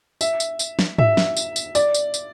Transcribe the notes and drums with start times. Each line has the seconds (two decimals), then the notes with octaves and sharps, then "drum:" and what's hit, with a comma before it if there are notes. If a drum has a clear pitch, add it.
0.21 E5, drum: tambourine
0.40 drum: tambourine
0.59 drum: tambourine
0.79 drum: snare
0.98 E5, drum: tom G#2
1.17 drum: snare
1.37 drum: tambourine
1.56 drum: tambourine
1.75 D5, drum: tambourine
1.94 drum: tambourine
2.14 drum: tambourine